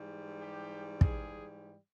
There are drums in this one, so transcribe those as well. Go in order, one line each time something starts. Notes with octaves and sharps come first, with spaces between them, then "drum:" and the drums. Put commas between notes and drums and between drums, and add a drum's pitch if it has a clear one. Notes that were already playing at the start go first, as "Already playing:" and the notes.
Already playing: G#2 E3 G3
G4
G#4, drum: kick